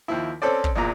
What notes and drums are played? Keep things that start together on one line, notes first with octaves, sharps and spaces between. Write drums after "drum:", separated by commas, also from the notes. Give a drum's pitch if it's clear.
D#2 F3 E4
C4 C#4 A4 C5 D5
drum: kick
A#1 E2 A#2 A#5